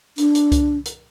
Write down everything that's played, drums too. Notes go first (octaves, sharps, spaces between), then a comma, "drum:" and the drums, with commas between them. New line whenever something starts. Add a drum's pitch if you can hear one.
D4, drum: hi-hat
drum: hi-hat
drum: kick C2, hi-hat
drum: hi-hat